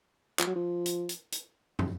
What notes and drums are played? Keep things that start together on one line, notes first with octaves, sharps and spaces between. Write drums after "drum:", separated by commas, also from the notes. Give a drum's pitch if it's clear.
F3, drum: clap
F#3
F3
drum: hi-hat
drum: hi-hat
drum: hi-hat
drum: tom